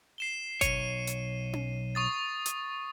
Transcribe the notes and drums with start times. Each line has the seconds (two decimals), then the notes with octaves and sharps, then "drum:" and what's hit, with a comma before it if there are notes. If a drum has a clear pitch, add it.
0.18 C7 E7 G7
0.61 B1 C#5 D#7, drum: kick G1, hi-hat
1.07 drum: hi-hat
1.53 drum: tom C#4
1.95 C#6 D#6 A6
2.46 drum: hi-hat